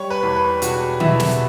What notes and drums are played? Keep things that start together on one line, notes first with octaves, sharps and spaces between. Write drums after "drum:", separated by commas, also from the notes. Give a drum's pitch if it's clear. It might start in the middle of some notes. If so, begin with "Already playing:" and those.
Already playing: G3 C#5 C#6
B4 B5
E2
B4 B5
E1 F#4 F#5, drum: hi-hat
B2 E4 E5, drum: tom D3
drum: snare